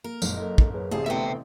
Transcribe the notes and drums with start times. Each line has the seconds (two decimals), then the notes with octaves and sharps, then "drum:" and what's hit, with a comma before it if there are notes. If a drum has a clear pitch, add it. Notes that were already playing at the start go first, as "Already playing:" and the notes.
0.04 A#3 A#4
0.22 F#1 A#2 F3 G#3, drum: tambourine
0.37 A4 D#5
0.58 drum: kick
0.74 G#4 B4 C#5
0.91 A1 C3 G#4 C5 F5 A5
1.06 D2 A2 B3 C4 A4 B4 E5 G5